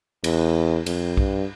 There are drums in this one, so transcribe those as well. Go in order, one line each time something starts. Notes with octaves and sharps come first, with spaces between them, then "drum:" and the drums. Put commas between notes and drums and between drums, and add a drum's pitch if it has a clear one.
E2, drum: cymbal
F2, drum: cymbal
G2, drum: kick B1